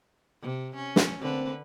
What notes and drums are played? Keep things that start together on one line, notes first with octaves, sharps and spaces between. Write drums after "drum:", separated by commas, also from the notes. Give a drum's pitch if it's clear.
C3
C#4
drum: snare
D3 A3 A#3 C4 B4